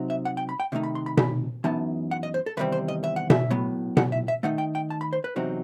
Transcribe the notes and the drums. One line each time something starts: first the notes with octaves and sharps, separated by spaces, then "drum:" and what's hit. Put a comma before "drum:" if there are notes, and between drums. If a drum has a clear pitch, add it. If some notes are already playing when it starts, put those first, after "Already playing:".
Already playing: C3 F#3 C4 D#4
E5
F#5
G5
B5
G5
C3 D#3 A3 D#4
B5
C6
B5
B5, drum: tom B2
F#2 E3 B3 D#4 A5
F#5
D#5
C5
A4
E2 C3 D#3 G3 C4 B4
C5
D#5
E5
F#5
E5, drum: tom B2
A2 F#3 B3
F#5, drum: tom B2
E5
E5
D#3 A3 D#4 F#5
G5
G5
A5
B5
C5
B4
E2 C3 F#3 C4 D#4